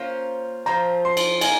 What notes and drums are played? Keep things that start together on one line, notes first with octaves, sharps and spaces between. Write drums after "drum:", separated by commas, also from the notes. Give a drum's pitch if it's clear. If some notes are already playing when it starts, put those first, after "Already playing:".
Already playing: A#3 C#4 F4 C5
F3 C4 F4 C5 A#5
C6
drum: cymbal
A#3 D#4 A#4 G#5, drum: cymbal